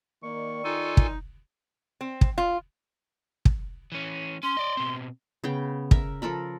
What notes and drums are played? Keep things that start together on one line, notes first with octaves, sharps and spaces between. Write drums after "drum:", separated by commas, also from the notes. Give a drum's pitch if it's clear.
D#3 A#3 D5 C#6
D#4 F4 A4 G#5
drum: kick
C4
drum: kick
F4
drum: kick
E3 C#4
C#4 C6
D5 D#5
B2 C4
C#3 B3 G5
A#4 E5, drum: kick
F3 A4 A#4 B5